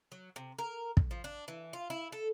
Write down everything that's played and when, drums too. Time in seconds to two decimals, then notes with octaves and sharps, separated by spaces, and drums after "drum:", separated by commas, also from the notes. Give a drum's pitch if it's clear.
0.12 F#3
0.36 C3
0.59 A#4
0.97 drum: kick
1.11 F3
1.24 D4
1.48 E3
1.73 F4
1.90 E4
2.12 A4